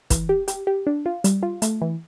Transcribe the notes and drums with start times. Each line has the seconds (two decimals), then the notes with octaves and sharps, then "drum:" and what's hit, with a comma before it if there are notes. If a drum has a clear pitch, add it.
0.10 E3, drum: kick, hi-hat
0.29 G4
0.48 G4, drum: hi-hat
0.67 G4
0.87 D4
1.06 F4
1.24 G3, drum: hi-hat
1.43 F4
1.62 A3, drum: hi-hat
1.81 E3